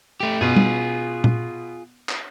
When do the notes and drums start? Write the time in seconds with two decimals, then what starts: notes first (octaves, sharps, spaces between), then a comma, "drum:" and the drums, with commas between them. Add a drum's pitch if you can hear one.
0.20 A3 G4
0.41 B2 F4 G#4
0.56 drum: tom G3
1.24 drum: tom A#2
2.09 drum: clap